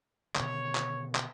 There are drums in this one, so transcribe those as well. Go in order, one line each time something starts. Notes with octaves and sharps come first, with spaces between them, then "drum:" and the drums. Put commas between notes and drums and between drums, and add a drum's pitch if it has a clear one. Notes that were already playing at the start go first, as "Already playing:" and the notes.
B2 D3 D#3 C#5, drum: clap
drum: clap
drum: clap